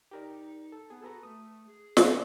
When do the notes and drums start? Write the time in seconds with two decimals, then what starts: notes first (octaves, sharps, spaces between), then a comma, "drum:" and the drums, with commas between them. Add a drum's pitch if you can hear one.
0.11 D#4 G4 A#4 D5
0.72 A4
0.90 B3 G#4
1.02 F#4 A4 B4 A#5
1.23 A3 D#6
1.67 G#4
1.97 drum: snare